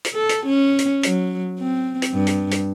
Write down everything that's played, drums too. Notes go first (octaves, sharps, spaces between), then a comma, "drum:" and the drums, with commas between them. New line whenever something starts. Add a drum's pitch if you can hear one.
drum: hi-hat
A4
drum: hi-hat
C#4
drum: hi-hat
F#3, drum: hi-hat
C4
drum: hi-hat
G2
drum: hi-hat
drum: hi-hat